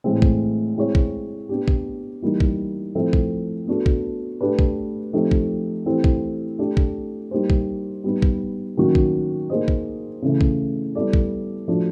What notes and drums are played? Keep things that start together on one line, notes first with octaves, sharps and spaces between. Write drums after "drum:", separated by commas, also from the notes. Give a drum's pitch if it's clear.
A2 E3 G#3 C4
drum: kick A#1
G#3 C4 E4 G#4 C#5
drum: kick A#1
B3 D4 G4
drum: kick A#1
E3 G3 A#3 D#4
drum: kick A#1
F3 A3 C4 E4 A4
drum: kick A#1
B3 D4 F#4 A4
drum: kick A#1
A3 D4 G4 B4
drum: kick A#1
F3 A3 C4 D#4 G4
drum: kick A#1
E3 A3 C4 E4 G4
drum: kick A#1
A3 D4 G4
drum: kick A#1
G3 A#3 D#4 G4 C5
drum: kick A#1
G3 B3 D#4
drum: kick A#1
D#3 F#3 A#3 C#4 F#4
drum: kick A#1
A#3 D#4 G#4 C5 D#5
drum: kick A#1
C#3 E3 A3
drum: kick A#1
G3 B3 E4 A4 D5
drum: kick A#1
F3 A3 D4 F#4